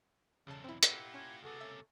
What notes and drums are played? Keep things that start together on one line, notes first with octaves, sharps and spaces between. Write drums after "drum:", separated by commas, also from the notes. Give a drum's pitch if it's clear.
B1 E2 C#3 G#3 C#4 A4 A5
C4 E4
A#3 E4 F4 G4 B4 F#5 E6, drum: hi-hat
C#4 G#6
C#2 C3 B3 F#4 G#4 A4
A#3 C#4 E5 E6